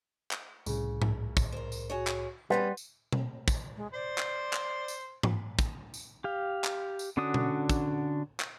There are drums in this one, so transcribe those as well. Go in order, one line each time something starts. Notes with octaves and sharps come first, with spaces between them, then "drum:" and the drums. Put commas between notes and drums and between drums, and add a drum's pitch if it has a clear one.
drum: clap
C2 A2 C#3, drum: tambourine
drum: tom G#2
drum: kick, tambourine
A#4 C5
drum: tambourine
F#4 G#4 C#5
drum: clap
E3 G3 B3 C#4 B4 F#5 C6
drum: tambourine
drum: tom B2
drum: kick, tambourine
G#3
C5 D5 C6
drum: clap
drum: clap
drum: tambourine
drum: tom G#2
drum: kick, tambourine
drum: tambourine
G4 F5
drum: clap
drum: tambourine
D3 C#4 D4 F#4 D#6
drum: tom B2
drum: kick, tambourine
drum: clap